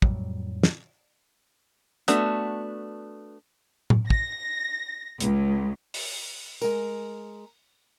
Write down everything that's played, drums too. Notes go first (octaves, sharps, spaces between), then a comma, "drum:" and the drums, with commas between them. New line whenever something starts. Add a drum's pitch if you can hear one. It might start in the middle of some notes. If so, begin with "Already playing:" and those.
F2 A2 F#3 G3, drum: kick
drum: snare
A3 B3 D4 F#4, drum: hi-hat
drum: tom A2
A#6, drum: kick
C#2, drum: hi-hat
drum: open hi-hat
G#3 A#4, drum: tambourine